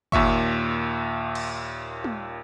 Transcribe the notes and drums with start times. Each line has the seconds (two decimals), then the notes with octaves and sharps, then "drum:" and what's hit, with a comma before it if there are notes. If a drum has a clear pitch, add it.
0.12 D#2 A#2 E5 C#6, drum: kick
1.35 drum: cymbal
2.04 drum: tom